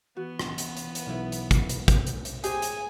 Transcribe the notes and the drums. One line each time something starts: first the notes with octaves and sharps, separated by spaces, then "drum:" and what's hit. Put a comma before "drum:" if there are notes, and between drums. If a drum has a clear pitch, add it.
E3 B3 F#4
drum: rim click
drum: hi-hat
drum: hi-hat
drum: hi-hat
B1 C#4 E4
drum: hi-hat
drum: kick, hi-hat
drum: hi-hat
drum: kick, hi-hat
drum: hi-hat
drum: hi-hat
G4 G#4 C5 G#5, drum: hi-hat
drum: hi-hat